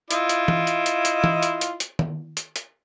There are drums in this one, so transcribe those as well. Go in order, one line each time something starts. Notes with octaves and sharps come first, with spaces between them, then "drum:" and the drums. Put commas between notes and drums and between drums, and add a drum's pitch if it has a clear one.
E4 F4 D#5, drum: hi-hat
drum: hi-hat
drum: tom E3
drum: hi-hat
drum: hi-hat
drum: hi-hat
drum: tom E3
drum: hi-hat
drum: hi-hat
drum: hi-hat
drum: tom D#3
drum: hi-hat
drum: hi-hat